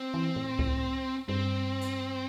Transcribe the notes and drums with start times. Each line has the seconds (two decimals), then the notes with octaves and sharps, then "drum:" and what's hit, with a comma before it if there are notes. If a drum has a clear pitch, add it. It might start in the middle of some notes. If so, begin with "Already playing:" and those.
Already playing: C4
0.14 E3
0.36 A2
0.59 A2, drum: kick C#2
1.29 G2 C4
1.81 drum: hi-hat